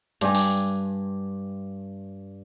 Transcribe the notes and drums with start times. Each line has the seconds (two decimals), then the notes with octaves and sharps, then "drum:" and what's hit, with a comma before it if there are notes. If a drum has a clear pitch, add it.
0.21 G2 D4 D5 G5 G#5, drum: hi-hat
0.35 drum: open hi-hat